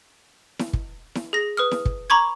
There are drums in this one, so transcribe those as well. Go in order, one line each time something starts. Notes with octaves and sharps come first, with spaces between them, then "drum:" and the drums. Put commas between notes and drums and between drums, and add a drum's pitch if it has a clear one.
drum: snare E4
drum: kick
drum: snare E4
G#4 A#6
B4 D#6 F6
drum: snare E4
drum: kick
A#5 B5 C#6 D6 G#6